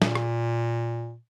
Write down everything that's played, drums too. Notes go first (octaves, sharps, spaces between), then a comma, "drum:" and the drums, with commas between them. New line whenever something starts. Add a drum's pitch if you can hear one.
A#2, drum: snare
drum: rim click